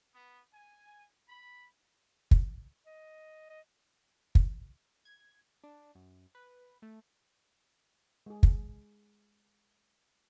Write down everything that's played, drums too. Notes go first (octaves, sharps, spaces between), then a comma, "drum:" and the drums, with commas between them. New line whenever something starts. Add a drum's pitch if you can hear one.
B3
G#5
B5
drum: kick
D#5
D#5
drum: kick
G#6
D4
F#2
B4
A3
G#3 G#4
drum: kick